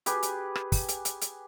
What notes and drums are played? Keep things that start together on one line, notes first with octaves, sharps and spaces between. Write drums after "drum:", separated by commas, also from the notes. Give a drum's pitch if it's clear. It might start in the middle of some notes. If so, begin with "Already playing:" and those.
G4 G#4 B4, drum: hi-hat
drum: hi-hat
drum: rim click
drum: kick, open hi-hat
drum: hi-hat
drum: hi-hat
drum: hi-hat